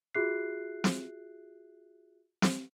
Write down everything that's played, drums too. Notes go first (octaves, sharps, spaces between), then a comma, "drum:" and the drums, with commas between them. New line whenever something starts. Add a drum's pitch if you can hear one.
F4 F#4 G#4 E5 F#6 C7
drum: snare
drum: snare